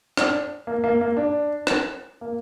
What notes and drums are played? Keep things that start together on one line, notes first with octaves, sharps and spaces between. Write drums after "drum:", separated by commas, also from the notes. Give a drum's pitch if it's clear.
D4, drum: rim click
A#3
A#3
A#3
D4
drum: rim click
A#3